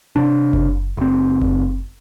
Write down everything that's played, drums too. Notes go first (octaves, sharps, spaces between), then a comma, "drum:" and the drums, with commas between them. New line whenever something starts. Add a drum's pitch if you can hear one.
C3 D4
drum: kick F#1
F#1 C4
drum: kick F#1